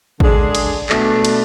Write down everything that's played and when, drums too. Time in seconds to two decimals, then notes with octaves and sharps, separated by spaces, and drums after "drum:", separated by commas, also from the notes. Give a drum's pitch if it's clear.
0.20 D3 G#3 D4 G#4, drum: kick
0.55 drum: cymbal
0.89 B2 A3 D4, drum: clap
1.25 drum: cymbal